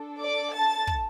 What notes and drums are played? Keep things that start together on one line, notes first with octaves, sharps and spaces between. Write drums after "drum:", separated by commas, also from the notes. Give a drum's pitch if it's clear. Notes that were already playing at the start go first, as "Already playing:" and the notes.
Already playing: D4 A4
D5 D6
A5 A6
drum: kick